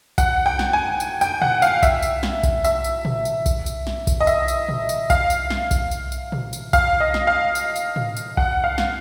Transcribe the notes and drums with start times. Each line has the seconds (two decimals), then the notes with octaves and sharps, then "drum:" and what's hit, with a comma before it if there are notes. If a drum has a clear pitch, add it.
0.18 F#5, drum: kick B1, tambourine
0.46 G5
0.59 drum: snare
0.73 G#5
1.00 drum: tambourine
1.21 G5, drum: tambourine
1.42 F#5, drum: tom
1.62 F5, drum: tambourine
1.83 E5, drum: kick B1, tambourine
2.02 drum: tambourine
2.23 drum: snare
2.43 drum: kick B1, tambourine
2.64 E5, drum: tambourine
2.84 drum: tambourine
3.05 drum: tom
3.25 drum: tambourine
3.46 drum: kick B1, tambourine
3.66 drum: tambourine
3.87 drum: snare
4.07 drum: kick B1, tambourine
4.20 D#5
4.27 E5, drum: tambourine
4.48 drum: tambourine
4.69 drum: tom
4.89 drum: tambourine
5.10 F5, drum: kick B1, tambourine
5.30 drum: tambourine
5.50 drum: snare
5.71 drum: kick B1, tambourine
5.91 drum: tambourine
6.12 drum: tambourine
6.32 drum: tom
6.53 drum: tambourine
6.73 F5, drum: kick B1, tambourine
7.00 D#5
7.14 drum: snare
7.27 F5
7.55 drum: tambourine
7.76 drum: tambourine
7.96 drum: tom
8.17 drum: tambourine
8.37 F#5, drum: kick B1
8.64 F5
8.78 drum: snare